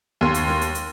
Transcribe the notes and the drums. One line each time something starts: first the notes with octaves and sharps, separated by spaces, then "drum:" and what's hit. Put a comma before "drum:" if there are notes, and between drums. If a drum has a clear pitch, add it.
D#2 C6
drum: hi-hat
drum: snare
drum: hi-hat
drum: hi-hat